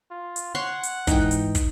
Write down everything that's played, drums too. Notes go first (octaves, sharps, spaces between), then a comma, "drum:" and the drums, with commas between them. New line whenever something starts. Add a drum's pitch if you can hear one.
F4
drum: hi-hat
C#5 F#5 C6 C#6
drum: hi-hat
G#2 E3 D#4 G5, drum: kick, hi-hat
drum: hi-hat
drum: kick, hi-hat